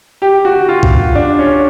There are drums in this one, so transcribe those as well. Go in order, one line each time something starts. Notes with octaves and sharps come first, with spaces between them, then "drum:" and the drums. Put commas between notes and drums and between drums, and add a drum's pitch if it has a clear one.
G4
F#4
F4
drum: kick C2
D4
C#4